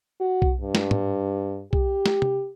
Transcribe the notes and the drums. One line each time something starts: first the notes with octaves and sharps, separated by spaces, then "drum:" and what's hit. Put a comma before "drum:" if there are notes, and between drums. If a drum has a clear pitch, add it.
F#4
drum: kick B1
G2
drum: snare
drum: tom
G4, drum: kick B1
drum: snare
drum: tom C3